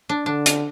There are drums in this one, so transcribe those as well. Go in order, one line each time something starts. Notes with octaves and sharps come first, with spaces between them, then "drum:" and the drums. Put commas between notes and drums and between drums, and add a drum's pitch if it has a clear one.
D4
D3 D4
drum: hi-hat